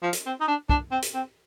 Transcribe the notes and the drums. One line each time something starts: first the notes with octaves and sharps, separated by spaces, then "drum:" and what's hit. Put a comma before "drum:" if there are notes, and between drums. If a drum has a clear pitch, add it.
F3
drum: hi-hat
C4
D#4
D4
D4, drum: kick
C4
drum: hi-hat
C4